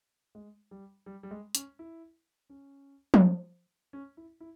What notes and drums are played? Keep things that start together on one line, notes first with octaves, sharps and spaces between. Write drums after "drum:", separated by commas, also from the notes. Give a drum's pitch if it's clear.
G#3
G3
G3
G3
G#3
C#4, drum: hi-hat
E4
C#4
drum: tom F3
C#4
E4
E4